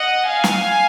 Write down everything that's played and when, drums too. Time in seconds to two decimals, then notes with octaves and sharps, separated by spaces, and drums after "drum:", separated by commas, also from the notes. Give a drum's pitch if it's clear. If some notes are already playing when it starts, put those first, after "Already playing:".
Already playing: D#5 F#5
0.28 F5 G#5
0.44 drum: snare